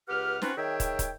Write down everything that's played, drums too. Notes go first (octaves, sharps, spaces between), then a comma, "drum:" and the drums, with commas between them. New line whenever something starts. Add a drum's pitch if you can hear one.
C#2 G4 B4 F#5 F6
C4 C#4 D#4 F4 F#4 B4, drum: snare
D#3 G#4 C#5 E5 G5
drum: kick, hi-hat
drum: kick, hi-hat